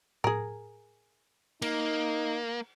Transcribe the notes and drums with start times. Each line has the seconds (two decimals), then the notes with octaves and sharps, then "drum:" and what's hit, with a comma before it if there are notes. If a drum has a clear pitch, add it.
0.24 G#4 A#4, drum: tom A2
1.62 A#3 D#4, drum: cymbal